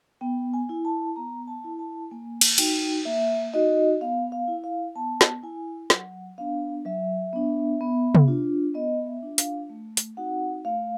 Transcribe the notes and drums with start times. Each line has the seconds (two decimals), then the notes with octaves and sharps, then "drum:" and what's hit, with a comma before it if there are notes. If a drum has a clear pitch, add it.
0.21 B3 G5
0.54 G#5
0.69 E4
0.85 A5
1.16 B3 A#5
1.48 A5
1.64 E4
1.79 A5
2.11 A#3 G#5
2.41 drum: cymbal
2.58 D#4 F#4 G5, drum: cymbal
3.05 A#3 E5
3.54 D#4 F#4 D#5
4.01 B3 F5
4.32 F5
4.48 E4
4.64 F5
4.96 B3 A5
5.21 drum: snare
5.43 E4 G#5
5.90 F#3 F#5, drum: snare
6.38 B3 D4 F5
6.85 F#3 E5
7.33 B3 D4
7.81 B3
8.15 drum: tom C3
8.28 D4 F4
8.74 B3 D#5
9.06 E5
9.23 D4 F4
9.38 F5, drum: hi-hat
9.70 A3
9.97 drum: hi-hat
10.17 C4 D#4 F#4 F#5
10.65 A3 F5